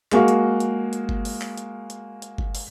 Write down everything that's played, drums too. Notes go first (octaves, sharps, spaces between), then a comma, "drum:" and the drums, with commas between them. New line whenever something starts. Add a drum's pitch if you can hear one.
G#3 A#3 F#4 F5, drum: clap
drum: hi-hat
drum: hi-hat
drum: hi-hat
drum: kick G1
drum: open hi-hat
drum: clap
drum: hi-hat
drum: hi-hat
drum: hi-hat
drum: kick G1
drum: open hi-hat